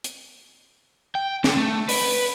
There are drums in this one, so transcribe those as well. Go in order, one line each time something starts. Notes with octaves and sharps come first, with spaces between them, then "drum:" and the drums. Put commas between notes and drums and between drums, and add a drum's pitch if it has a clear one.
drum: hi-hat
G5
D3, drum: snare
A3
B4, drum: open hi-hat